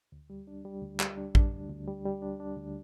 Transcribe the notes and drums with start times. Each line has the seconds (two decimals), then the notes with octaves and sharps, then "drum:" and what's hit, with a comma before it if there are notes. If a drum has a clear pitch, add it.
0.12 D2
0.30 G3
0.47 D4
0.65 G3
0.82 D2
1.00 G3, drum: clap
1.18 D4
1.35 D4, drum: kick
1.53 D2
1.70 D2
1.88 G3
2.06 G3
2.22 D4
2.40 D4
2.57 D2